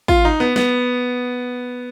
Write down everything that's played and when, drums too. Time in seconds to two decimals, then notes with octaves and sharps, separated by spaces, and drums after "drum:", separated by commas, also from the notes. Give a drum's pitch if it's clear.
0.08 F4, drum: kick
0.25 D#4
0.40 B3
0.56 B3, drum: snare